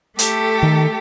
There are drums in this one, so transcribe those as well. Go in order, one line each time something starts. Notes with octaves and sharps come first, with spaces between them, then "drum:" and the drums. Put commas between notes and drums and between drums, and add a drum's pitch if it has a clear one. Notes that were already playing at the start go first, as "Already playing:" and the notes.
A3 G4 A4, drum: hi-hat
D#3